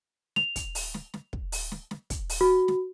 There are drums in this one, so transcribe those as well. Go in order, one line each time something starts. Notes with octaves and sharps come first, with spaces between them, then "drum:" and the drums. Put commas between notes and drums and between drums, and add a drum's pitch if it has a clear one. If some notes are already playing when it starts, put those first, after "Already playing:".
F7, drum: snare
drum: kick, hi-hat
drum: open hi-hat
drum: snare
drum: snare
drum: kick
drum: open hi-hat
drum: snare
drum: snare
drum: kick, hi-hat
drum: open hi-hat
F#4
drum: snare